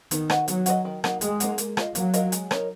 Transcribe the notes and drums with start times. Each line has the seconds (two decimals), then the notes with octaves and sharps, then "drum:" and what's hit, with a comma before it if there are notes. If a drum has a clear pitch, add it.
0.11 D#3 B3, drum: hi-hat
0.30 F#4 B4 D#5, drum: rim click
0.48 F#3 B3, drum: hi-hat
0.66 F#4 B4 D#5, drum: hi-hat
0.85 D#3
1.04 F#3 A#3 D#4, drum: rim click
1.21 D#3 G#3, drum: hi-hat
1.40 F#3 A#3 D#4, drum: hi-hat
1.58 A#3, drum: hi-hat
1.77 F4 A#4 D#5, drum: rim click
1.95 F#3 A#3, drum: hi-hat
2.14 F4 A#4 D#5, drum: hi-hat
2.32 G#3, drum: hi-hat
2.51 D#4 A#4 C#5, drum: rim click